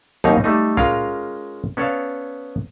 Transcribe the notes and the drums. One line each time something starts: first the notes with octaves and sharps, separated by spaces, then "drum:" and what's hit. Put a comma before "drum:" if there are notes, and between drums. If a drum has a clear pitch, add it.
D#2 B2 C4 D#4 F5 G#5, drum: tom F#3
G3 A3 D#4
G#3 C#4 F4 A#4 F5, drum: kick
B3 C#4 A4 C#5 D5 F5